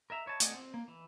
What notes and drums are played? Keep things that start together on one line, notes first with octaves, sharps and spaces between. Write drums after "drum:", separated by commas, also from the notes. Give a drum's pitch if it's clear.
A#4 D#5 E5 A#5
E4 C#5 D#5 A5
A3 D5 D#5 F#5 G#5, drum: hi-hat
C4
A#3
E3